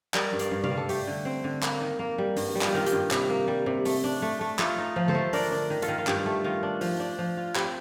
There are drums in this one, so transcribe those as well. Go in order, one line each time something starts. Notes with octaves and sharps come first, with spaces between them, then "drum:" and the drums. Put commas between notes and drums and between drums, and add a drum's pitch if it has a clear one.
G3 A#4 D5, drum: clap
G2
D5 F5, drum: hi-hat
G2
D5 F5, drum: tom C3
G3
A4
A3 G4, drum: open hi-hat
D3
C4
D3
A#3, drum: clap
D#3
A#3
G3
G2, drum: open hi-hat
G3
F4, drum: clap
G4
D#3 F4
G4, drum: hi-hat
G2
C3, drum: clap
A#3
G3
C3
A3, drum: open hi-hat
D4
A3
A3
A3 F4 A4, drum: clap
D#4
F3
A4 C5, drum: tom D3
A3
D4 A#4 D5, drum: open hi-hat
D4
D#3
F4 A4, drum: hi-hat
D#3
F4
G2 G4, drum: clap
A3
D#3 F4
D4
F3, drum: open hi-hat
D4
F3
F4
C4 G4, drum: clap